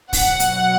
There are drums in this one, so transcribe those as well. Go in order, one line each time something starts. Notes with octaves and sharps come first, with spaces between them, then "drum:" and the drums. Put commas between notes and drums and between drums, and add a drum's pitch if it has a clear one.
B2 F#3 F#5, drum: kick, open hi-hat
drum: hi-hat